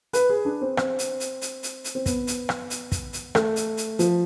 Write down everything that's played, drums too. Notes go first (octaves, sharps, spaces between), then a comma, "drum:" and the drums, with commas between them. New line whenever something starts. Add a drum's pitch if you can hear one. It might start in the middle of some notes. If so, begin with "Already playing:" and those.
B4, drum: hi-hat
G#4
D4
C4
C4, drum: rim click
drum: hi-hat
drum: hi-hat
drum: hi-hat
drum: hi-hat
drum: hi-hat
C4
B3, drum: kick, hi-hat
drum: hi-hat
drum: rim click
drum: hi-hat
drum: kick, hi-hat
drum: hi-hat
A3, drum: rim click
drum: hi-hat
drum: hi-hat
F3, drum: hi-hat